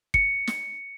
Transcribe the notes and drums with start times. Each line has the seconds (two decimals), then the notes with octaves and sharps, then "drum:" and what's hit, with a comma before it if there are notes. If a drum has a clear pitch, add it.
0.14 C#7, drum: kick
0.47 drum: snare